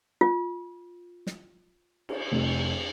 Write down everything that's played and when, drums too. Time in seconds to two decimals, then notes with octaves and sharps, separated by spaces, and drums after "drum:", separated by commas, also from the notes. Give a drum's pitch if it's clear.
0.21 F4
1.27 drum: snare
2.09 drum: cymbal
2.32 F1 F2